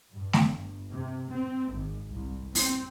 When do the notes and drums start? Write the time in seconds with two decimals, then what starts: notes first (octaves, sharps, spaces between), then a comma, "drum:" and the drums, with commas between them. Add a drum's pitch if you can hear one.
0.10 G2
0.33 drum: snare A3
0.47 G1
0.91 C3
1.30 C4
1.70 G#1
2.10 C2
2.55 C4, drum: open hi-hat